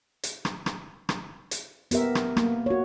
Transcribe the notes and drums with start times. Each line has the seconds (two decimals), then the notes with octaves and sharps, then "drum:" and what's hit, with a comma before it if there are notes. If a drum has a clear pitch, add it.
0.23 drum: hi-hat
0.45 drum: rim click
0.66 drum: rim click
1.09 drum: rim click
1.51 drum: hi-hat
1.91 B3 G4 A#4 E5, drum: hi-hat
2.15 drum: rim click
2.37 A#3, drum: rim click
2.66 F#4 C#5